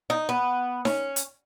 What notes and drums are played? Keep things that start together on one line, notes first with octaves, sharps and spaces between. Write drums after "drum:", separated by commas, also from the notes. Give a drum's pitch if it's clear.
D#4
B3
C#4, drum: snare D#4
drum: hi-hat